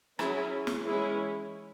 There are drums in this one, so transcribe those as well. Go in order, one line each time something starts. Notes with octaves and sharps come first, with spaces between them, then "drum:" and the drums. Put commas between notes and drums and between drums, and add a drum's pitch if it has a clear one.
F#3 C#4 E4 G#4, drum: rim click
drum: snare
E3 G#3 C#4 E4 G#4